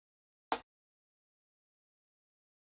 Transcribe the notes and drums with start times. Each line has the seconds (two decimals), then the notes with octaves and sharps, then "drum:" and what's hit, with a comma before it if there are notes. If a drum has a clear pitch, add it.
0.19 A#3 D#4
0.52 drum: hi-hat